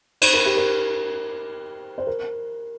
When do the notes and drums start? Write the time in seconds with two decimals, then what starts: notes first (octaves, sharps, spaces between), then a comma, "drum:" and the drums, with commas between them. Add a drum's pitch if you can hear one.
0.21 C5, drum: cymbal
0.34 A#4
0.45 G4
0.57 A#4
1.98 C5
2.07 A#4